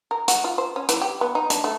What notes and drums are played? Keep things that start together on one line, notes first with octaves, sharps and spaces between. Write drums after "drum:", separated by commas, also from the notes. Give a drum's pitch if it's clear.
A#4
F#4, drum: hi-hat
F4
C5
C#4
E3, drum: hi-hat
G4
B3
D#4
D4, drum: hi-hat
A3